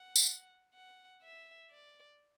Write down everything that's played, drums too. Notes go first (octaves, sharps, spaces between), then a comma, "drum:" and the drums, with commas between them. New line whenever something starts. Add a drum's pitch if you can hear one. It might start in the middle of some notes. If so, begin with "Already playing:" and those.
Already playing: F#5
drum: tambourine
F#5
E5
D5